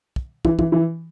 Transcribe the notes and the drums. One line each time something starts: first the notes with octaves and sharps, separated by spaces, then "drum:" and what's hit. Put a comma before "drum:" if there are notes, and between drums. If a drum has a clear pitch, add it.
drum: kick
E3, drum: kick
E3, drum: kick
E3